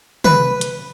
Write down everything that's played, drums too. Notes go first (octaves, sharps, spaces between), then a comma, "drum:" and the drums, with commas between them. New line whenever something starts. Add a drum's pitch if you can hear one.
B4, drum: tom
drum: hi-hat